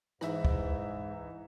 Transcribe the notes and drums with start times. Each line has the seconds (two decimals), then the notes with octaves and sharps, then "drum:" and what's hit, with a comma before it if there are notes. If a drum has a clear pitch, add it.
0.21 G#2 E3 D#4 E5, drum: rim click
0.45 drum: kick